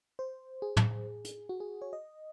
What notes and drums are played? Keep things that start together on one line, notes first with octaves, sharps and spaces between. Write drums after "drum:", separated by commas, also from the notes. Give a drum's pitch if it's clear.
C5
G#4
drum: tom
drum: hi-hat
F#4
G#4
C#5
D#5